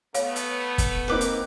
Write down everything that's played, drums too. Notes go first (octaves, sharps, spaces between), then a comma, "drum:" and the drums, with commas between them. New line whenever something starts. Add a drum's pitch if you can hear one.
A3 B3 C#5 F5, drum: hi-hat
drum: hi-hat
drum: kick, hi-hat
A#3 C4 D#4 B4 D6
drum: hi-hat